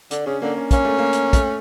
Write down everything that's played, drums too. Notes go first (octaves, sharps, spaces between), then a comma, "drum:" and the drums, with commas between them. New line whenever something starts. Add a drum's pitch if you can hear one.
D3 D4, drum: hi-hat
C#3 C#4
D3 A#3
C#4
A#3 C#4, drum: kick, hi-hat
A3
A#3
drum: hi-hat
A3, drum: kick, hi-hat